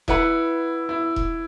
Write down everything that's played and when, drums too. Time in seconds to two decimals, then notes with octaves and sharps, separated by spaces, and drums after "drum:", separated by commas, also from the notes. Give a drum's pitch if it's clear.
0.08 E4 B4 F#5 B5, drum: kick E1
0.89 E4
1.16 drum: kick E1